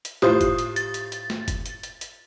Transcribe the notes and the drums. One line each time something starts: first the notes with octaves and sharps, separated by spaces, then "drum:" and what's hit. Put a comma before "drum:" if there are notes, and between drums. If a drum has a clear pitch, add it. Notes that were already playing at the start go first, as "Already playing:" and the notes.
drum: hi-hat
A2 F4 G4 C5 D#6, drum: snare
drum: kick F#1, hi-hat
drum: hi-hat
A6, drum: hi-hat
drum: hi-hat
drum: hi-hat
drum: snare
drum: kick F#1, hi-hat
drum: hi-hat
drum: hi-hat
drum: hi-hat